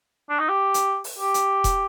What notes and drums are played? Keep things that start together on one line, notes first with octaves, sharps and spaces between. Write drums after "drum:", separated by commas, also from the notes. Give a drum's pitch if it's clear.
D4
D#4
G4
drum: hi-hat
drum: open hi-hat
G4
drum: hi-hat
drum: kick E1, hi-hat